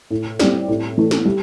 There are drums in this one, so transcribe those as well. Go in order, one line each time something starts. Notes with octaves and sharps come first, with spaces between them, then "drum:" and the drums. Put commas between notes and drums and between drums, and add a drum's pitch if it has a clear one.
A2
G3 C4 G4 D5, drum: snare
A2
E3 A3
drum: snare
G3